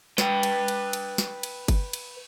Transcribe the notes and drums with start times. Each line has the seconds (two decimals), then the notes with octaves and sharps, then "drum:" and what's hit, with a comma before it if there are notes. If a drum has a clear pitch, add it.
0.18 B4 G5, drum: snare
0.43 drum: cymbal
0.68 drum: cymbal
0.93 drum: cymbal
1.18 drum: snare
1.43 drum: cymbal
1.68 drum: kick G1, cymbal
1.93 drum: cymbal